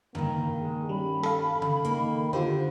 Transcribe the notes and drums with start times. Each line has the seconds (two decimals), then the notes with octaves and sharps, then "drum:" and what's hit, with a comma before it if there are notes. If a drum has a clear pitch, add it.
0.15 G2 D#3 A#3 A#5, drum: tom C#3
0.58 G#3
0.89 G3 C#4 B5
1.23 A4 F5, drum: rim click
1.62 drum: tom C#3
1.85 D#3 A#3, drum: hi-hat
2.33 D3 F4 G4 C5